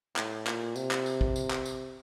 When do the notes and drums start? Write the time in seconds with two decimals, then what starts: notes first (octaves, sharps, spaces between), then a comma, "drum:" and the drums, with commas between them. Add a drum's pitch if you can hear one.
0.16 A2, drum: clap
0.47 A#2, drum: clap
0.76 C3, drum: tambourine
0.91 drum: clap
1.06 drum: tambourine
1.21 drum: kick
1.36 drum: tambourine
1.51 drum: clap
1.65 drum: tambourine